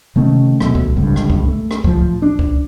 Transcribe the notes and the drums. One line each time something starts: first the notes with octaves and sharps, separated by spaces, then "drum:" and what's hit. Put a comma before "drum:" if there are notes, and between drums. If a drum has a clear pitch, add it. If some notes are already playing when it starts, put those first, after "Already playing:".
C3 D#3 A3 C#4
D2 B2 F#3 A3, drum: rim click
drum: kick C#2
G#1 C#2 G2 D3
drum: rim click
drum: kick C#2
A3
drum: rim click
A2 F3, drum: kick C#2
D4
drum: kick C#2